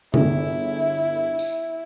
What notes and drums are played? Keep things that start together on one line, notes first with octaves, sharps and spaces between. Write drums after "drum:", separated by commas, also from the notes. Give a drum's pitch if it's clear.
G1 D3 E4 G#4, drum: tom
drum: tambourine